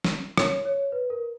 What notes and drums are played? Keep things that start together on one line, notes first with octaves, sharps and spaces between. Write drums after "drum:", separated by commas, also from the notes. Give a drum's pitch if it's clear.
drum: snare
C#5, drum: rim click
C#5
B4
A#4